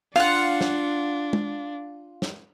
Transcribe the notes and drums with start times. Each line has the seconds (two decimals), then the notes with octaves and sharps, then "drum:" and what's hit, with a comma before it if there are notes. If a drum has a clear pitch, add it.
0.16 D4 F4 F5 F#5, drum: open hi-hat
0.61 drum: snare
1.33 drum: tom
2.22 drum: snare